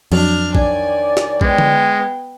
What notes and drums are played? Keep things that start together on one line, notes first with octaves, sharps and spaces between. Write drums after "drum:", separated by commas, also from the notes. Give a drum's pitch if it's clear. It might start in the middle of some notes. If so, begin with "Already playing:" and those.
F2 F#3 D4 F6, drum: cymbal
D#3 C#5 D5 G#5, drum: kick A#1
drum: snare
G#3 B3 G5, drum: kick A#1
drum: tom D3